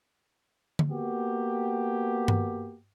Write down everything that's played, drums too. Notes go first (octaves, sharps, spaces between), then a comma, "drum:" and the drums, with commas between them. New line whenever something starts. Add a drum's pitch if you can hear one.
drum: tom D3
A#3 B3 F#4 G4
drum: tom G2